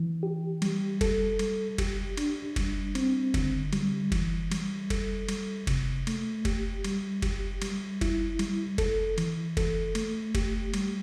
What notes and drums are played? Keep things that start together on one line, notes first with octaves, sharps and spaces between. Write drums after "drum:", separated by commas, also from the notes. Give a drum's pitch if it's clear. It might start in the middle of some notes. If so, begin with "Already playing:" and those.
Already playing: E3
G4
G3, drum: cymbal
A4, drum: kick F1, cymbal
G3, drum: cymbal
G4, drum: kick F1, cymbal
D4, drum: cymbal
G3, drum: kick F1, cymbal
C4, drum: cymbal
D3, drum: kick F1, cymbal
G3, drum: cymbal
E3, drum: kick F1, cymbal
G3, drum: cymbal
A4, drum: kick F1, cymbal
G3, drum: cymbal
C3, drum: kick F1, cymbal
A3, drum: cymbal
G4, drum: kick F1, cymbal
G3, drum: cymbal
G4, drum: kick F1, cymbal
G3, drum: cymbal
E4, drum: kick F1, cymbal
G3, drum: cymbal
A4, drum: kick F1, cymbal
E3, drum: cymbal
A4, drum: kick F1, cymbal
A3, drum: cymbal
G4, drum: kick F1, cymbal
G3, drum: cymbal